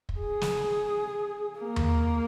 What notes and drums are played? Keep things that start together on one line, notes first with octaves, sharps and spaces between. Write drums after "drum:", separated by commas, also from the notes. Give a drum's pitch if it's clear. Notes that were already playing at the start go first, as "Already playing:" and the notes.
drum: kick
G#4
drum: snare
A#3
drum: tom D#2